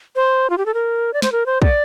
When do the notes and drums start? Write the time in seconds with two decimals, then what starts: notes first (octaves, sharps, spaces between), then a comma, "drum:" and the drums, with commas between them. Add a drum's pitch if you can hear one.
0.16 C5
0.50 F4
0.58 G4
0.66 A4
0.74 A#4
1.13 D5
1.22 C5, drum: snare
1.32 A#4
1.46 C5
1.62 D5, drum: kick